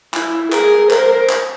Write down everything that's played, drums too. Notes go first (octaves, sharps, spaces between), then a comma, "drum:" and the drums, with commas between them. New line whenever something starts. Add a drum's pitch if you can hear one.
E4, drum: clap
G#4 A#4, drum: clap
A#4 C5, drum: clap
drum: clap